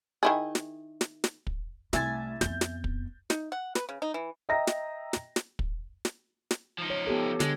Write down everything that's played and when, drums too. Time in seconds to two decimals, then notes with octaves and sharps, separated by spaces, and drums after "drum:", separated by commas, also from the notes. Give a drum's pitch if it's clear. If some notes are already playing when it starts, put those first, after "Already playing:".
0.23 D#3 E4 G#4
0.55 drum: snare
1.01 drum: snare
1.24 drum: snare
1.47 drum: kick
1.93 C2 A3 E5 G#5 A6, drum: snare
2.41 F2 B3 G6, drum: snare
2.61 drum: snare
2.84 drum: kick
3.30 D#4, drum: snare
3.52 F#5
3.75 B4, drum: snare
3.89 C#3
4.02 D#4
4.14 E3
4.49 D#5 E5 G5 A#5 A#6
4.67 drum: snare
5.13 drum: snare
5.36 drum: snare
5.59 drum: kick
6.05 drum: snare
6.51 drum: snare
6.78 F3 D#4
6.90 C#5
7.07 B3 G4 A4
7.40 D3 G#3, drum: snare